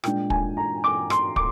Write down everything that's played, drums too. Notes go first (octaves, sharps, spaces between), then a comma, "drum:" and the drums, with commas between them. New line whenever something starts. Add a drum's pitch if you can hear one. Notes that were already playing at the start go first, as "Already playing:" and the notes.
A#2 G#3 D4 G5, drum: rim click
G#5, drum: kick
A#5
D6
C6, drum: rim click
D6, drum: kick